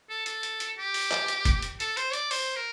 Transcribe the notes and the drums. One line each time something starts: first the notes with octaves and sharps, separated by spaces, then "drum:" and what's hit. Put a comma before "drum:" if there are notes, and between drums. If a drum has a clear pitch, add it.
A4
A4, drum: hi-hat
drum: hi-hat
drum: hi-hat
G4
drum: open hi-hat
drum: clap
drum: hi-hat
drum: kick, hi-hat
drum: hi-hat
A4, drum: hi-hat
C5, drum: hi-hat
D5, drum: hi-hat
C5, drum: open hi-hat
A#4